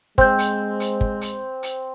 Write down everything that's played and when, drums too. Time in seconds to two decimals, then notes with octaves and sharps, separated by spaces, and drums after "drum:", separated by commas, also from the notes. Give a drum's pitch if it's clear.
0.18 G#3 C4 C5 G6, drum: kick
0.39 drum: hi-hat
0.80 drum: hi-hat
1.01 drum: kick
1.21 drum: hi-hat
1.63 drum: hi-hat